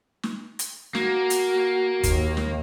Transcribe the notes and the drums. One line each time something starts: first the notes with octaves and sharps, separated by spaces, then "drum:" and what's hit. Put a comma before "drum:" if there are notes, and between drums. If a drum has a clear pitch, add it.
drum: snare
drum: hi-hat
A#3 F#4, drum: snare
drum: hi-hat
D#2, drum: kick, hi-hat
drum: snare